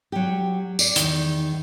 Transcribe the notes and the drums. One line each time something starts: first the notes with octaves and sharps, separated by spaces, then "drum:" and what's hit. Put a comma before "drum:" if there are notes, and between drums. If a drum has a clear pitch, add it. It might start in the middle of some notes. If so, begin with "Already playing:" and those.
F#3 G4
D5, drum: tambourine
E2 D#3, drum: hi-hat